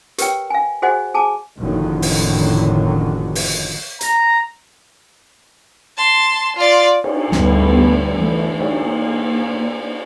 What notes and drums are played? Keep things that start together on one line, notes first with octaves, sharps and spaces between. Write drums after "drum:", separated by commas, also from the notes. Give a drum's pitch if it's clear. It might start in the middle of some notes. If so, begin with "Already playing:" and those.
G4 A#4 B4 C#5 G5, drum: hi-hat
F5 G#5
F#4 G#4 C5 D#5 F#5 G#5
G#4 G#5 A5 D6
F#1 F2 A2 D3 D#3 F#3
drum: open hi-hat
drum: open hi-hat
A#5, drum: hi-hat
A5 C6
F4 D5
drum: cymbal
D2 G2 D3 G3 A3 B3, drum: snare
E3 A3
drum: cymbal
A#3